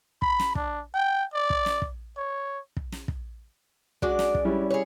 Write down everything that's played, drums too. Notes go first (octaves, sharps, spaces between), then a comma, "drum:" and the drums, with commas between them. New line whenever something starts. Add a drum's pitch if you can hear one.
B5, drum: kick
drum: snare
D4, drum: kick
G5
D5
drum: kick
drum: snare
drum: kick
C#5
drum: kick
drum: snare
drum: kick
G#3 D4 F#4 D5, drum: kick
drum: snare
drum: kick
G3 C#4 E4
G#4 C#5